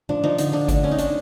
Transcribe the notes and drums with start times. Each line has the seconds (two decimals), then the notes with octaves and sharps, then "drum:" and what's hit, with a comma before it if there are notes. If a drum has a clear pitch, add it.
0.09 F3 D4, drum: tom A#2
0.24 F3 D#4
0.38 D3 D#4, drum: hi-hat
0.53 D3 D4
0.68 A3 D4, drum: kick G1, hi-hat
0.83 C4 C#4
0.91 D#4
0.98 A3 D4, drum: hi-hat